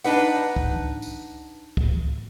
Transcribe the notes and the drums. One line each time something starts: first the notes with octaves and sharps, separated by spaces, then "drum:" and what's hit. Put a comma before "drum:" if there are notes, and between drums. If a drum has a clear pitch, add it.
D4 D#4 B4 F#5, drum: open hi-hat
drum: kick
drum: tambourine
drum: kick